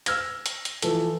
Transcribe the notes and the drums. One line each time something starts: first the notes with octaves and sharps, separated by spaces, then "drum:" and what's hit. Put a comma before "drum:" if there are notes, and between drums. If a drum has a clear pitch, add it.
E6 F6 G#6 A#6, drum: hi-hat
drum: hi-hat
drum: hi-hat
E3 F3 A4, drum: hi-hat